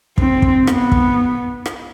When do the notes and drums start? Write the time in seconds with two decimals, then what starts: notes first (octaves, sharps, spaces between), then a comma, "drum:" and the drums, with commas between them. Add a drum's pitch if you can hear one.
0.18 C4, drum: kick
0.42 drum: kick
0.67 B3, drum: rim click
0.92 drum: kick
1.66 drum: rim click